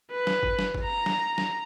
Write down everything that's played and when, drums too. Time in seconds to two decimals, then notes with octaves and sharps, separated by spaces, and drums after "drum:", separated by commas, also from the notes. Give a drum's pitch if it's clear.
0.11 B4
0.27 drum: snare
0.43 drum: kick
0.59 drum: snare
0.75 drum: kick
0.84 A#5
1.06 drum: snare
1.38 drum: snare